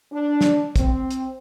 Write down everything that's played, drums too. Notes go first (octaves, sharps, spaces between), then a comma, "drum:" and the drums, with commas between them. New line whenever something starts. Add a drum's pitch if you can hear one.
D4
drum: snare
C4, drum: kick, hi-hat
drum: hi-hat